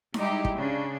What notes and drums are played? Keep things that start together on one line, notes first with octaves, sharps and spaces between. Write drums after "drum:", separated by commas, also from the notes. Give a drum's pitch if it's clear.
G3 G#3 D#4 E4 G4, drum: snare D#4
drum: kick
C#3 D4